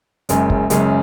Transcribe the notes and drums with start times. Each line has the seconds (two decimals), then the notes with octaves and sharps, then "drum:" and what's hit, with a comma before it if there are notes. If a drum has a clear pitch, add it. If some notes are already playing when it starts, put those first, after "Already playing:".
0.29 F#1 F#2 C#3 G#3, drum: hi-hat
0.50 drum: kick
0.70 F#1 F#2 C#3 G#3, drum: hi-hat